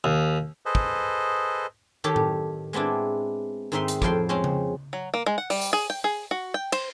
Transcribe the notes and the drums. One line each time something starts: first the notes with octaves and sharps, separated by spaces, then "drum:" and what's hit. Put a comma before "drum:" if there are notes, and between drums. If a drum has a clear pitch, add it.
D#2
G#4 A4 B4 C5 D#5
drum: kick
D#3 G4 A4 C#5
drum: tom A2
G#3 B3 C4 D4 E4
G#2 D#3 C4 D#4 E5 C6
drum: hi-hat
F2 A2 F3 G5 C6, drum: kick
G#3 C4 C#4 C5
drum: tom C#3
F#3
A#3
G#3
F#5
G3, drum: open hi-hat
drum: tambourine
G#4
G5
G#4
F#4
G5
C5, drum: cymbal